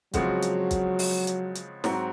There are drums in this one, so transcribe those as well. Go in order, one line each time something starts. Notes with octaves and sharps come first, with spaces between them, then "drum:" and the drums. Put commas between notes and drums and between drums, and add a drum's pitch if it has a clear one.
C#3 F3 F#3 G#3 C4 F#4, drum: kick, hi-hat
drum: hi-hat
drum: kick, hi-hat
drum: open hi-hat
drum: hi-hat
drum: hi-hat
G#2 F#3 C4 F#4, drum: snare